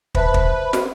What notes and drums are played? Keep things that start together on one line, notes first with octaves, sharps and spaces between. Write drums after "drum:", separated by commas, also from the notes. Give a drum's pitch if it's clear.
B4 C5 E5 A5, drum: kick
drum: kick
drum: snare